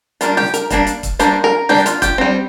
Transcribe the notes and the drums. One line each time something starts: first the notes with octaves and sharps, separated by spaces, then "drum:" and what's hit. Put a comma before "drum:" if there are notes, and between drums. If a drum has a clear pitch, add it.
G3 A#3 D4 F4, drum: hi-hat
G4, drum: snare
A#4, drum: hi-hat
G3 A#3 D4, drum: kick, hi-hat
drum: hi-hat
drum: kick, hi-hat
G3 A#3 D4 C5, drum: hi-hat
A#4
G3 A#3 D4 G4, drum: snare
F4, drum: hi-hat
G4, drum: kick, hi-hat
G3 C4